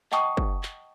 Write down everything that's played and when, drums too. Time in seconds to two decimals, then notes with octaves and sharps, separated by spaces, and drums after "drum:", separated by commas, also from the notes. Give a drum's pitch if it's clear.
0.12 D#5 F#5 G5 A5 C#6 D#6, drum: clap
0.37 drum: kick
0.63 drum: clap